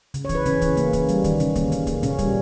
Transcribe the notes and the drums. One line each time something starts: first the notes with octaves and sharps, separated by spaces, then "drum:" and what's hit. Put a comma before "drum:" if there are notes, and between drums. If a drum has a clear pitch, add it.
C#3, drum: hi-hat
C#5
E3, drum: kick, hi-hat
B4
C#3 C#4, drum: hi-hat
E3, drum: kick, hi-hat
A#3, drum: hi-hat
A#3, drum: kick, hi-hat
G3, drum: hi-hat
D#3, drum: kick, hi-hat
C#3 C#4, drum: hi-hat
A#3, drum: kick, hi-hat
C#3, drum: hi-hat
A#3, drum: kick, hi-hat
A#2 C#4, drum: hi-hat
G3, drum: kick, hi-hat